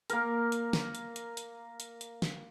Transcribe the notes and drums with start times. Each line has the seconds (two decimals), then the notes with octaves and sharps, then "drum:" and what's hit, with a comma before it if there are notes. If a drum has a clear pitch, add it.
0.10 A#3 A#4, drum: hi-hat
0.52 drum: hi-hat
0.73 drum: snare
0.95 drum: hi-hat
1.16 drum: hi-hat
1.37 drum: hi-hat
1.80 drum: hi-hat
2.01 drum: hi-hat
2.22 drum: snare